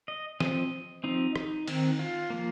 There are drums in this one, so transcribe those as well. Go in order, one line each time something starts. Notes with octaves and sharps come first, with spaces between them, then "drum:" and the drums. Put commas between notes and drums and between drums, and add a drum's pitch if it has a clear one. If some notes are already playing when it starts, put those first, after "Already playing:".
D#5
F3 C4 D#5, drum: snare
F3 C4 D#4
D#4, drum: rim click
D#3 C4, drum: cymbal
F4
F3 A#3